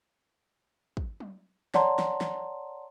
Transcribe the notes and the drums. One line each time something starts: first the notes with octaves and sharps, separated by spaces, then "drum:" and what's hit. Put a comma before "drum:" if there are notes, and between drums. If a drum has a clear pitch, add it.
drum: kick
drum: tom
C#5 D5 F#5 A5 A#5 C6, drum: snare
drum: snare
drum: snare